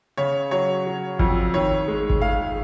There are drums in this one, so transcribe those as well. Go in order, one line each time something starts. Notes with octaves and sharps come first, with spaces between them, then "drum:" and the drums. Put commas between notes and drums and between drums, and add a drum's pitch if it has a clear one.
C#3 C#5
F#3 C#5
F#3
F2, drum: kick G#1
D#3 C#5
G#3
drum: kick G#1
G#3 F5